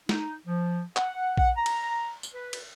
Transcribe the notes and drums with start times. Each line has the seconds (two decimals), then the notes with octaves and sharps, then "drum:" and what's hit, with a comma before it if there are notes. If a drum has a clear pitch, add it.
0.09 D#4, drum: snare G#3
0.46 F3
0.96 F#5, drum: clap
1.37 F#5, drum: kick A#1
1.57 A#5
1.66 drum: cymbal
2.23 drum: tambourine
2.34 B4
2.53 drum: cymbal